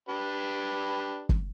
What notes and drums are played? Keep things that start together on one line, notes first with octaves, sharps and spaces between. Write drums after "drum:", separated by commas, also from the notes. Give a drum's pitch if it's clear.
D4 G4 B4
drum: kick